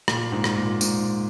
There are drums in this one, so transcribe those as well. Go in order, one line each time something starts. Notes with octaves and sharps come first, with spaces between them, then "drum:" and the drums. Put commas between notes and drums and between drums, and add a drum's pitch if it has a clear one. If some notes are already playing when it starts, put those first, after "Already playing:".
A#2, drum: rim click
G#2
drum: rim click
A#2
G#2, drum: tambourine